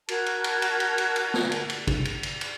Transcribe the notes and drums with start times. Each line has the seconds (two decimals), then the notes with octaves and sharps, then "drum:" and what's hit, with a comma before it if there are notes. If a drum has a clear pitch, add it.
0.08 F#4 A#4 A5 G#6, drum: cymbal
0.26 drum: cymbal
0.44 drum: cymbal
0.62 drum: cymbal
0.80 drum: cymbal
0.98 drum: cymbal
1.16 drum: cymbal
1.34 drum: snare F4
1.52 drum: cymbal
1.70 drum: cymbal
1.87 drum: kick, cymbal
2.05 drum: cymbal
2.23 drum: cymbal
2.41 drum: cymbal